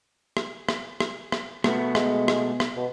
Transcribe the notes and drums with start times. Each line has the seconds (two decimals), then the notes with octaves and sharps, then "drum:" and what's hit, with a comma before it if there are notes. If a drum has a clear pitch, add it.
0.37 drum: rim click
0.69 drum: rim click
1.00 drum: rim click
1.32 drum: rim click
1.64 B2 A3 B3, drum: rim click
1.95 G#3, drum: rim click
2.28 drum: rim click
2.60 drum: rim click
2.77 B2